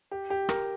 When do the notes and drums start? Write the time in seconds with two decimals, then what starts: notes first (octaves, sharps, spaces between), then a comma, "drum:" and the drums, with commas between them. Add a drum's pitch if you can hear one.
0.11 G4
0.30 G4
0.49 A#4, drum: rim click